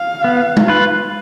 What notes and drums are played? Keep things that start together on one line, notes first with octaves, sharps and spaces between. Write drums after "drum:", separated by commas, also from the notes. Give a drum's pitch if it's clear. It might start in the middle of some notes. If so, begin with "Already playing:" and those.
Already playing: F5
B3
drum: tom
F4 B4